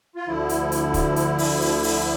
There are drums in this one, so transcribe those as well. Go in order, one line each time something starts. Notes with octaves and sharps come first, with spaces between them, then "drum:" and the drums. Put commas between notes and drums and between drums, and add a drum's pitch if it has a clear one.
F4
D2 D3 F3 E4
drum: hi-hat
drum: hi-hat
drum: kick, hi-hat
drum: hi-hat
drum: open hi-hat
drum: open hi-hat
drum: open hi-hat